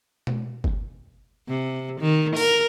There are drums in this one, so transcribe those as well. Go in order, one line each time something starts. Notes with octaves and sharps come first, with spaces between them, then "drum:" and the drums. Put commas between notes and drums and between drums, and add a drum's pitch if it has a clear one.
drum: tom B2
drum: kick G1
C3
D#3
A#4, drum: open hi-hat